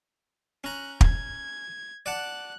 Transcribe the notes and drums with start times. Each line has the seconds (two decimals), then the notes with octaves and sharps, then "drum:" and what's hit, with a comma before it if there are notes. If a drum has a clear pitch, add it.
0.64 C#4 A#5 F#6
1.01 G#6, drum: kick
2.06 D5 F#5 A5 F#6